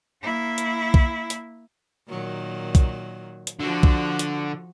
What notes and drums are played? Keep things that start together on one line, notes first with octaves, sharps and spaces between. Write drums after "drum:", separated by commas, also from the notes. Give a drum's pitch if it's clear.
A#3 E4
drum: hi-hat
drum: kick B1
drum: hi-hat
A#2 D#3 F#3
drum: kick B1, hi-hat
drum: hi-hat
D3 F3 F#4
drum: kick B1
drum: hi-hat